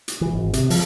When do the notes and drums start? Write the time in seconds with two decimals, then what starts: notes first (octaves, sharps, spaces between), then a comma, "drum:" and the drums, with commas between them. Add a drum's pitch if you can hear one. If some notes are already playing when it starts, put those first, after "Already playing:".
0.08 drum: hi-hat
0.21 E3
0.34 G#1
0.53 C3, drum: hi-hat
0.70 F3, drum: open hi-hat